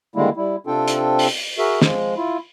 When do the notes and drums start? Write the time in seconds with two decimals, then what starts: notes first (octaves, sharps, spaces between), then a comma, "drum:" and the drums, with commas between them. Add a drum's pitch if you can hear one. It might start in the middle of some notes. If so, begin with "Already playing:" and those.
0.16 D3 D#3 G3 G#3 A#3 E4
0.37 G3 E4
0.67 C3 C4 D4 F4 A4 G5
0.88 drum: hi-hat
1.19 drum: open hi-hat
1.58 F#4 G#4 A#4 E5
1.82 F3 G#3, drum: snare
2.16 E4 F4